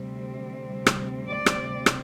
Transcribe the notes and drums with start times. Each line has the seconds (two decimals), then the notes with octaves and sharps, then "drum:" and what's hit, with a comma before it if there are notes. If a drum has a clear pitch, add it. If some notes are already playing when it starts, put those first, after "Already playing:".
Already playing: D2 C3 G3 C4
0.86 drum: rim click
1.27 D5
1.46 drum: rim click
1.86 drum: rim click